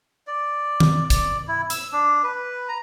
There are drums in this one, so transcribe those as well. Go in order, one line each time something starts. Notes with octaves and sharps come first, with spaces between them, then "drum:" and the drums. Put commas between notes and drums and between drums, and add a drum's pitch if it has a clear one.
D5
drum: tom D#3
D5, drum: kick, hi-hat
E4
E6, drum: hi-hat
D4
B4
A#5